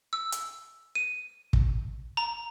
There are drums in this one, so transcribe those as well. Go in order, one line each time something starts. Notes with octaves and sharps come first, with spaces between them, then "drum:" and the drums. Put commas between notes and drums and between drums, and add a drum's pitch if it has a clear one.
E6
drum: hi-hat
D#7
drum: kick
A#5